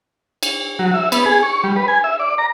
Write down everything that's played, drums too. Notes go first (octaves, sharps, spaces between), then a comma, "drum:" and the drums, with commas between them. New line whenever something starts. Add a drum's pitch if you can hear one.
drum: cymbal
F#3
E5
B3, drum: cymbal
G#4
C#6
G3
B4
G#5
E5
D5
A#5